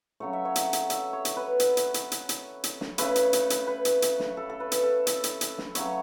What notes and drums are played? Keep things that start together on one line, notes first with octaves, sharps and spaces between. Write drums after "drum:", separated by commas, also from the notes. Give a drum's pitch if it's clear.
C#3 F#3 A3 C#5
E5
C#5
drum: hi-hat
drum: hi-hat
E5, drum: hi-hat
C#5
drum: hi-hat
B4
drum: hi-hat
drum: hi-hat
drum: hi-hat
drum: hi-hat
drum: hi-hat
drum: hi-hat
drum: snare
C#3 A3 B4, drum: hi-hat
drum: hi-hat
drum: hi-hat
drum: hi-hat
B4
drum: hi-hat
drum: hi-hat
drum: snare
A4
A4
B4
drum: hi-hat
A4
E5, drum: hi-hat
drum: hi-hat
drum: hi-hat
drum: snare
C#3 F#3 A3 C#5, drum: hi-hat